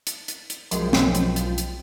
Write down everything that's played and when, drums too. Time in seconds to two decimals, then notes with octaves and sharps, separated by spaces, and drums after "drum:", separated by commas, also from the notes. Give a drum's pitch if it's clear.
0.07 drum: hi-hat
0.28 drum: hi-hat
0.50 drum: hi-hat
0.71 B1 F#2 F3 G#3 G5, drum: hi-hat
0.93 drum: snare
1.15 drum: hi-hat
1.36 drum: hi-hat
1.58 drum: hi-hat